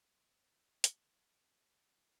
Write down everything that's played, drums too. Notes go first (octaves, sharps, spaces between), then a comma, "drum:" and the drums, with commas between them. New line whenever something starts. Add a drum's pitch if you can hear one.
C#2 B2 C#5
D2 D3 A4, drum: hi-hat
C#2 C#3 E3 G#4
F#4
E4